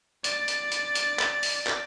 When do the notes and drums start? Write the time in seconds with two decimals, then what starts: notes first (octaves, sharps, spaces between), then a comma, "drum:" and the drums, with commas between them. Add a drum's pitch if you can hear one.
0.24 D5 A6, drum: hi-hat
0.48 drum: hi-hat
0.72 drum: hi-hat
0.95 drum: hi-hat
1.19 drum: clap
1.43 drum: open hi-hat
1.67 drum: clap